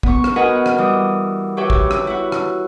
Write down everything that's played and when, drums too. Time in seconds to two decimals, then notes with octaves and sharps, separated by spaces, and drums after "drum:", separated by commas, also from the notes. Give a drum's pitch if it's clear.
0.03 B3 C#6, drum: kick
0.24 drum: rim click
0.36 F#4 A#4 B4 D#5 F#5 G#5
0.66 drum: rim click
0.78 E3 G3 D#6
1.57 F#4 G4 B4 C#5 E5 G5
1.70 drum: kick
1.91 drum: rim click
2.07 E4 F#4
2.32 drum: rim click